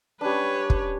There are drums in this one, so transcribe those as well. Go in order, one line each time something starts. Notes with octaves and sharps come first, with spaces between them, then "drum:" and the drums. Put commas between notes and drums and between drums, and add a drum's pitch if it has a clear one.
G3 C#4 D4 B4 C#5
drum: kick